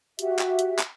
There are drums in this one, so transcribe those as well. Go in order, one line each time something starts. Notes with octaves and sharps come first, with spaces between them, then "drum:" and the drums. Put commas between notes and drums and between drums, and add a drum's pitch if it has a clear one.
F#4 G4 E5, drum: hi-hat
drum: clap
drum: hi-hat
drum: clap